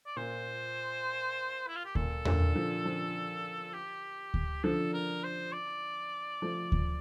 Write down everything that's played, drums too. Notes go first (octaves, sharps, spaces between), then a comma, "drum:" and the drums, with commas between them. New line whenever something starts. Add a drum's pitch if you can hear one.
D5
A#2 C5
E4
F4
G4
A#2 A4, drum: kick D2
A#2 D3, drum: tom E2
D3 F3
D3 F3
G4
drum: kick D2
D3 F3 A4
A#4
C5
D5
F3 A3
drum: kick D2